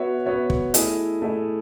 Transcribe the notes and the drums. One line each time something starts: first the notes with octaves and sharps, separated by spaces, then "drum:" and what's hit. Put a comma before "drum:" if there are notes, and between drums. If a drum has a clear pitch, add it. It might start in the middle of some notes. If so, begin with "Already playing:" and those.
Already playing: B3 F#4 C#5 E5
B3 F#4 C#5 E5
drum: kick
A3 E4 G#4 D#5, drum: hi-hat
A3 E4 G#4 D#5